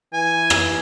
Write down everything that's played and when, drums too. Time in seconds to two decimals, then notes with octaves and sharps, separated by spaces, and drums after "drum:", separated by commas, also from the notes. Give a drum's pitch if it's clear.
0.14 E3 G#5
0.50 drum: rim click